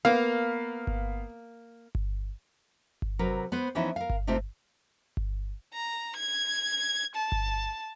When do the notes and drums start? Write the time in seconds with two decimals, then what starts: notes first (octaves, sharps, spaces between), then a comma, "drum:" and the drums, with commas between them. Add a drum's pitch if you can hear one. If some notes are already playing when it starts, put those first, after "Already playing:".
0.05 A#3 B3 F5
0.87 drum: kick G1
1.95 drum: kick G1
3.02 drum: kick G1
3.19 C3 F#3 A#4 B4
3.52 B3 B4 C5
3.75 E3 F3 B3 C#4 D#4 E4
3.96 A#4 F5
4.10 drum: kick G1
4.27 C3 A3 C4 D#4 F4 G4
5.17 drum: kick G1
5.73 A#5
6.16 G#6
7.15 A5
7.32 drum: kick G1